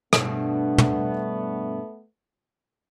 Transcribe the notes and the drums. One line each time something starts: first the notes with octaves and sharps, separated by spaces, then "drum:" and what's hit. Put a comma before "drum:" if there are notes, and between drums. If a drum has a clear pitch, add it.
G2 B2 A3 B3, drum: rim click
drum: tom